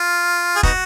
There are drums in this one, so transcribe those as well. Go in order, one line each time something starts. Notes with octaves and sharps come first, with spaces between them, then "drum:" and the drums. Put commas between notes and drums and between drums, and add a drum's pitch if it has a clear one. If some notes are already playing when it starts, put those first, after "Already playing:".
Already playing: F4
G#4
B3 D#4 F#4, drum: kick